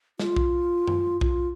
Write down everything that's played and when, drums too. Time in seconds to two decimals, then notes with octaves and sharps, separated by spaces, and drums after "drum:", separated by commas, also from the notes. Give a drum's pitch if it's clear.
0.19 F4, drum: snare
0.36 drum: kick B1
0.87 drum: tom F#2
1.21 F4, drum: kick B1